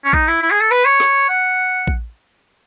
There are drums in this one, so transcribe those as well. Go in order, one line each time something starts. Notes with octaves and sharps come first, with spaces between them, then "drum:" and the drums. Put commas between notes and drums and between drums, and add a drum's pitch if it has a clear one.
C#4
D#4, drum: kick A#1
E4
E4
G#4
A4
B4
C#5
drum: snare
F#5
drum: kick A#1